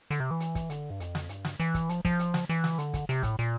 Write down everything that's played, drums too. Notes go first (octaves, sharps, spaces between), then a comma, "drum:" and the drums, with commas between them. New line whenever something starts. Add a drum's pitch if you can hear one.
D3, drum: hi-hat
C3
E3
drum: hi-hat
drum: kick, hi-hat
D3, drum: hi-hat
G2
F2, drum: hi-hat
drum: snare
G2, drum: hi-hat
drum: snare
E3, drum: hi-hat
drum: kick, hi-hat
F3, drum: hi-hat
F3, drum: kick, hi-hat
drum: hi-hat
drum: snare
E3, drum: hi-hat
drum: snare
D3, drum: hi-hat
drum: kick, hi-hat
C3, drum: hi-hat
A2, drum: kick, hi-hat
A#2, drum: hi-hat